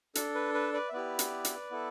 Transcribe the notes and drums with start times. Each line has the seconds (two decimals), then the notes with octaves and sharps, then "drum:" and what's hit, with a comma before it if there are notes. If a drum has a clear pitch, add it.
0.15 D4 A4, drum: hi-hat
0.35 B4
0.54 B4
0.74 B4 D5
0.89 E5
0.93 B3 E4 G4 B4 D5
1.19 drum: hi-hat
1.45 drum: hi-hat
1.71 B3 E4 A4